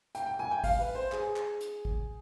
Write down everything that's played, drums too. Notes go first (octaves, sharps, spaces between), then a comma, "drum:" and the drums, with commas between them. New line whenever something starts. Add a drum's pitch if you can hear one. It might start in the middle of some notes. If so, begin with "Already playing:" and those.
G5, drum: hi-hat
G5
G#5
G5
F5, drum: kick, open hi-hat
B4
C5
G#4, drum: clap
drum: clap
drum: hi-hat
drum: kick